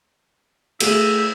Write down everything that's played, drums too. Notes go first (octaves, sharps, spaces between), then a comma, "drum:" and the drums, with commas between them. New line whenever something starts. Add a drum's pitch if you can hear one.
A3 E4 F#4 G#4, drum: cymbal